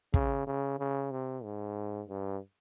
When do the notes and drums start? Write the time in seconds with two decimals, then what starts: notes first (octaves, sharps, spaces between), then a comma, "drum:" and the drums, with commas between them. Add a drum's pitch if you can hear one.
0.14 C#3, drum: kick
0.47 C#3
0.79 C#3
1.11 C3
1.44 G#2
2.09 G2